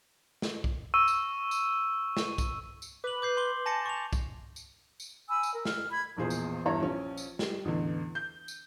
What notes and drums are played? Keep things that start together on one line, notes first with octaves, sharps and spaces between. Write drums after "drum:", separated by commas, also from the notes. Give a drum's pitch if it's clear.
drum: snare
drum: kick
C#6 E6 D#7
drum: tambourine
drum: tambourine
drum: snare
drum: kick, tambourine
drum: tambourine
B4 D6 F#7
D6 G6 C7
C6 D6 G7
G#5 A5 A#6 C#7
C#6 F7
drum: kick, tambourine
drum: tambourine
drum: tambourine
G#5 B5 E6
drum: tambourine
A#4
F6, drum: snare
B5 G#6
E1 A#1 E2 A#2 G#4 C5
drum: tambourine
E2 G2 E4 C#5 A#5
A#1 C#4
drum: tambourine
G3, drum: snare
A1 E2 D3
G6
drum: tambourine